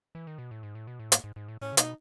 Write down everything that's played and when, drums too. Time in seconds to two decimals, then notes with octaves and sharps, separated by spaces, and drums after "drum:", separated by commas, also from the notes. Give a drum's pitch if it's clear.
0.15 E3
0.27 D#3
0.38 B2
0.51 A2
0.63 G#2
0.75 A2
0.87 B2
0.99 A2
1.12 G#2, drum: hi-hat
1.24 G#2
1.36 G#2
1.48 A2
1.61 A2 C#4
1.73 C#3
1.77 B2 D#4, drum: hi-hat